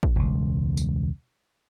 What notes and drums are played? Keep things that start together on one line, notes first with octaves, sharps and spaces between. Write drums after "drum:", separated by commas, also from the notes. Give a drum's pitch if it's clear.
drum: kick
E1 C#2
drum: tambourine